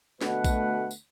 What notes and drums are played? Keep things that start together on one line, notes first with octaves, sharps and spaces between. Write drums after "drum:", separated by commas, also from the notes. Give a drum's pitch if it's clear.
D2 B2 A3 B4 F#5, drum: snare
drum: kick A#1, tambourine
drum: tambourine